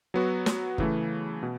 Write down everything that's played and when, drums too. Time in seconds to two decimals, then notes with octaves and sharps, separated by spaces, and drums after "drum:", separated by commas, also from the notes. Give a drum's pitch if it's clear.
0.14 F#3 B3 F#4
0.46 drum: snare
0.78 C#3 E3 A3, drum: kick
1.43 B2